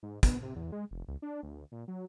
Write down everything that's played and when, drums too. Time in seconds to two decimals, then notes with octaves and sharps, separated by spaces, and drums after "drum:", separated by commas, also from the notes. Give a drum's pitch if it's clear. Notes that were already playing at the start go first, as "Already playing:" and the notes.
0.03 G#2
0.23 B3, drum: kick, hi-hat
0.42 C3
0.56 E2
0.72 G#3
0.91 F1
1.08 C#2
1.22 D4
1.43 D2
1.72 A#2
1.88 F#3